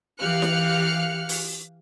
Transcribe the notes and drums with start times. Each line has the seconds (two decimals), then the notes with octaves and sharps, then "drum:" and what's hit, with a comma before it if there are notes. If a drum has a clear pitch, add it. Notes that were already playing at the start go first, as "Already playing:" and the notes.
0.19 E3 G4 F5 F6 F#6 C#7
0.42 drum: snare E4
1.29 drum: open hi-hat